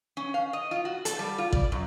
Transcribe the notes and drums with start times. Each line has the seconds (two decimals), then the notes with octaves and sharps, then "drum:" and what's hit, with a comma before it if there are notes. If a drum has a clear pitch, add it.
0.17 C#4
0.34 F5
0.53 D#5
0.71 F4
0.85 F#4
1.05 A4, drum: hi-hat
1.19 G3
1.38 F4
1.53 D5, drum: kick
1.72 F#2